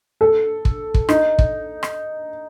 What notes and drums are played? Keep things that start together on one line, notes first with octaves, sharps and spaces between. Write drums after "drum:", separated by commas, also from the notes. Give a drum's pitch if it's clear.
A4
drum: kick
drum: kick
D#4, drum: rim click
drum: kick
drum: rim click